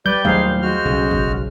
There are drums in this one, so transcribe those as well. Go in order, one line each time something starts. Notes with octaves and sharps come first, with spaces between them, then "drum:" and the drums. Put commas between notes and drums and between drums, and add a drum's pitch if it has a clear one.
G3 B4 D5 G6
D#2 F#3 A3 D#4 G#4 C5 F5
A#2
G#3 F#4 F6
B1 C#3 G#4
drum: kick G1